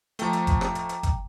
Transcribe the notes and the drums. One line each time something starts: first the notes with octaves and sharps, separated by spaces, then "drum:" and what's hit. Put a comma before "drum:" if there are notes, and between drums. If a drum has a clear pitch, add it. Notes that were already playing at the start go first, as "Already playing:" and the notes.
F3 A3 G5 A#5 D6, drum: hi-hat
drum: hi-hat
drum: kick F#1, hi-hat
drum: rim click
drum: hi-hat
drum: hi-hat
drum: kick F#1, hi-hat